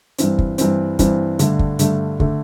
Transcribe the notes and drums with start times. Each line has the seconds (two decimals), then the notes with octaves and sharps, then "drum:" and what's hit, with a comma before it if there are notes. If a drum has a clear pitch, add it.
0.19 G2 E3 C4, drum: hi-hat
0.38 drum: kick
0.58 G2 E3 C4, drum: hi-hat
0.99 G2 E3 C4, drum: kick, hi-hat
1.39 G2 D3 A3, drum: hi-hat
1.59 drum: kick
1.79 G2 D3 A3, drum: hi-hat
2.20 D3 A3, drum: kick